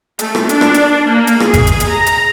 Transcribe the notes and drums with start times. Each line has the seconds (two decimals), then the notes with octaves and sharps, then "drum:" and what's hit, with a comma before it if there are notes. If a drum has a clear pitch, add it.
0.19 A3, drum: hi-hat
0.35 drum: rim click
0.49 D4, drum: hi-hat
0.61 drum: rim click
0.74 drum: hi-hat
1.08 A#3
1.27 drum: hi-hat
1.40 G#4, drum: rim click
1.54 drum: kick G#1, hi-hat
1.67 drum: hi-hat
1.80 drum: hi-hat
1.89 A#5
2.06 drum: hi-hat